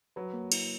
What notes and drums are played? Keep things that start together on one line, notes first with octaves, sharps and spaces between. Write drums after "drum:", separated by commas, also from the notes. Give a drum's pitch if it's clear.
F#3 B4
A#3
E4, drum: cymbal